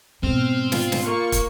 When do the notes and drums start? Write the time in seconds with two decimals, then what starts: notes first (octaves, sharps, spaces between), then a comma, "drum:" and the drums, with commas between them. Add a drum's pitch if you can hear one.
0.23 G#2 B2 C4 F6
0.72 F4, drum: snare
0.92 drum: snare
1.05 A#3 C#6
1.32 drum: kick, hi-hat